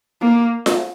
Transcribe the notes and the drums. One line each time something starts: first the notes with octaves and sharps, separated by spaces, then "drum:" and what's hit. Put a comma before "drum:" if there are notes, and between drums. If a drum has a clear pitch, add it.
A#3
drum: snare F4